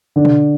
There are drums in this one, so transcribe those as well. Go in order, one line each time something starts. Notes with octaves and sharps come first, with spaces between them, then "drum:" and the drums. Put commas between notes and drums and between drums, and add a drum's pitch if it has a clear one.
D3 D4
drum: tom B2